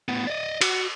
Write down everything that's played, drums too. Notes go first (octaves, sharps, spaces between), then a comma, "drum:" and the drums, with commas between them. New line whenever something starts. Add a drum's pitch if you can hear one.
A2 B3
D5 D#5
F#4, drum: cymbal